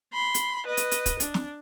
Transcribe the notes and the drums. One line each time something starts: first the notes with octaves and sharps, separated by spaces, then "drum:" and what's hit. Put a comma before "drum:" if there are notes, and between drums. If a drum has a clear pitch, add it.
B5 C6
drum: hi-hat
B4 D#5
drum: hi-hat
drum: hi-hat
drum: kick, hi-hat
D4, drum: hi-hat
drum: snare